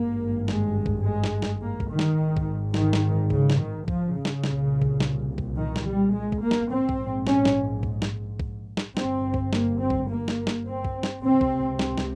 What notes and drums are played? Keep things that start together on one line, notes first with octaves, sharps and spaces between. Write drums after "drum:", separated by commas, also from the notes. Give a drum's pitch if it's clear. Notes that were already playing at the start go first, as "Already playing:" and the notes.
Already playing: G#1 G2 A#3
G#3, drum: snare
drum: kick
G#3
drum: snare
drum: snare
A#3
drum: kick
D#3
drum: snare
G#1 G#2
drum: kick
D#3, drum: snare
drum: snare
C#3, drum: kick
drum: snare
D#3
F3, drum: kick
C#3
drum: snare
C2 A#2, drum: snare
drum: kick
drum: snare
drum: kick
D#3
drum: snare
G3
G#3
drum: kick
A#3
drum: snare
A#1 G#2 C4
drum: kick
C#4, drum: snare
drum: snare
drum: kick
drum: snare
drum: kick
drum: snare
G1 G2 C4, drum: snare
drum: kick
A#3, drum: snare
C4
drum: kick
A#3
drum: snare
drum: snare
C4
drum: kick
drum: snare
C#2 C3 C4
drum: kick
C4, drum: snare
drum: snare